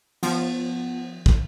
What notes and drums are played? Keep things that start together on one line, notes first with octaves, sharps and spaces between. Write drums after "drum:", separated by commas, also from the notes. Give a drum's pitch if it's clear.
F3 B3, drum: cymbal
drum: kick